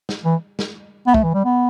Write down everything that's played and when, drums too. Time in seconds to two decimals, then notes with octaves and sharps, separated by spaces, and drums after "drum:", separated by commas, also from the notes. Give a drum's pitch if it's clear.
0.09 drum: snare
0.25 E3
0.59 drum: snare
1.07 B3
1.14 A3, drum: kick
1.24 E3
1.34 G3
1.45 B3